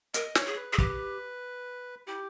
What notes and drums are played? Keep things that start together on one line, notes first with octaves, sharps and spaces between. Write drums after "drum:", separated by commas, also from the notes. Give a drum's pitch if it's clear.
A#4 D#5, drum: hi-hat
C#5, drum: snare
G#4
B4
G#4
G4 B4, drum: kick
E4 G4